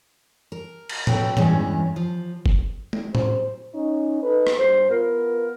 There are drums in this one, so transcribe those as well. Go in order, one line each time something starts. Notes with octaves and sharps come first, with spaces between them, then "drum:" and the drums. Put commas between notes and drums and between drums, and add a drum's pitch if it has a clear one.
A#4
drum: cymbal
B2 F#3 A4 B4 G5, drum: tom A2
E2 G2 E3 G#3 C#4, drum: tom A2
F3
drum: kick F#1
drum: tom
C5, drum: tom A2
C#4 D#4
D#4 A4 B4
drum: rim click
G2 C5
B3 F4 A#4